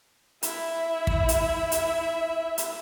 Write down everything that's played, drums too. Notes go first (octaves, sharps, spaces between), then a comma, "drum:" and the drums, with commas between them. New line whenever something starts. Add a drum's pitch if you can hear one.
E4 E5, drum: hi-hat
drum: kick
drum: hi-hat
drum: hi-hat
drum: hi-hat